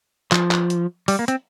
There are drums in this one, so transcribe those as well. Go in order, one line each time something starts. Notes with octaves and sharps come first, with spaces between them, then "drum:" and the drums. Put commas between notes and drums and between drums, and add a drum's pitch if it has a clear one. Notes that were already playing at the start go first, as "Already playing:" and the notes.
F3, drum: clap
drum: clap
drum: hi-hat
G3, drum: open hi-hat
A#3
C4, drum: hi-hat